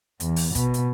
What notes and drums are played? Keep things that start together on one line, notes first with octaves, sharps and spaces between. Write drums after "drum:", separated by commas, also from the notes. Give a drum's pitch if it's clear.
E2, drum: hi-hat
drum: open hi-hat
B2, drum: kick, hi-hat
drum: hi-hat